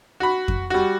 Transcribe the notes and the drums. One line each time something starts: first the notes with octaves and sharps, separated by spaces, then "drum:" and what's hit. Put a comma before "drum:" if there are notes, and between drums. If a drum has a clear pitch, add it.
F#4 B5
drum: kick F2
G3 F#4